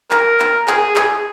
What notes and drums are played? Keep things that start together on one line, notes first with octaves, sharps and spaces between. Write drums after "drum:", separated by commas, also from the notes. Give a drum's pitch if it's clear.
A#4, drum: clap
drum: clap
G#4, drum: clap
G#4, drum: clap